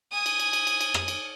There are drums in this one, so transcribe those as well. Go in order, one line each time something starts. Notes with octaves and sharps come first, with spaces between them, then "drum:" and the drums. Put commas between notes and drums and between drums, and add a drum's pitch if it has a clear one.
G#5 D#6
drum: cymbal
drum: cymbal
drum: cymbal
drum: cymbal
drum: cymbal
drum: rim click
drum: cymbal